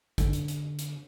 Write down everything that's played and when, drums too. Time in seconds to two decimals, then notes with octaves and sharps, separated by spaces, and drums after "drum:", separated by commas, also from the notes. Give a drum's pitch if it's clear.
0.18 D3, drum: kick, hi-hat
0.33 drum: hi-hat
0.48 drum: hi-hat
0.79 drum: hi-hat